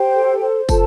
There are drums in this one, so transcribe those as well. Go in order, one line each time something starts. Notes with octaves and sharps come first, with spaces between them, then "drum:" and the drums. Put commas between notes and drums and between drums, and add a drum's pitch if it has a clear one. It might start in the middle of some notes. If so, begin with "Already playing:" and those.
Already playing: G4 C5 G5
A4
C5
F4 A4 A5, drum: kick, tambourine